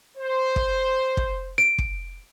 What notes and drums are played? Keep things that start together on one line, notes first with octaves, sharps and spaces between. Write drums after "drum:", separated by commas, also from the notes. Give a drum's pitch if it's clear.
C5
drum: kick
drum: kick
D7
drum: kick